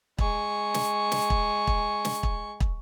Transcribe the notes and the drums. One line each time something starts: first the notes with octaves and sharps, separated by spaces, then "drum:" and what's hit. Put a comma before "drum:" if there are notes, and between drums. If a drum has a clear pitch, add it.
G#3 C#6, drum: kick
drum: snare
drum: snare
drum: kick
drum: kick
drum: snare
drum: kick
drum: kick